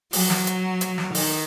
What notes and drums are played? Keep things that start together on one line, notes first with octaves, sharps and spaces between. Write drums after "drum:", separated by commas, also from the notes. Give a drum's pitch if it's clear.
F#3, drum: open hi-hat
drum: snare
drum: hi-hat
drum: hi-hat
drum: snare
D#3, drum: open hi-hat